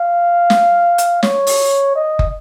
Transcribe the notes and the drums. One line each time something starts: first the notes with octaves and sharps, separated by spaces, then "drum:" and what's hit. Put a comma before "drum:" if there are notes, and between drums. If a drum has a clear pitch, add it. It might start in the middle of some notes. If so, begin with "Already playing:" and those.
Already playing: F5
drum: snare
drum: hi-hat
C#5, drum: snare
drum: open hi-hat
D#5
drum: kick